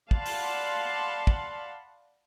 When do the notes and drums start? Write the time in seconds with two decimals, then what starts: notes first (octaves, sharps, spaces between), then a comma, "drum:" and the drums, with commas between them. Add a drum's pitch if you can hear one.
0.11 D5 F5 F#5 A5 B5 C6, drum: kick
0.26 drum: open hi-hat
1.27 drum: kick